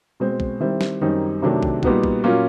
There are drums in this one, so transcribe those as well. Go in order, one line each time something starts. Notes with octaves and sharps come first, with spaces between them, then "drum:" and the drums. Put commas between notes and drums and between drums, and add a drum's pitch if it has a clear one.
B2 G#3 C4
drum: kick
D#3 G3 C4 E4
drum: snare
F#2 D#3 G3 C4 D#4
C3 D#3 F#3 A3 D4
drum: kick
A#2 G3 B3 D#4 F#4, drum: kick
drum: kick
A#2 F#3 A#3 C#4 F4